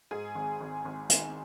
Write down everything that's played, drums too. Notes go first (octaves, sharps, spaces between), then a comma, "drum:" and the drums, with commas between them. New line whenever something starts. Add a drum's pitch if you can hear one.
G#2 G#4 G#5
G#1
G#1
G#1
D#3, drum: hi-hat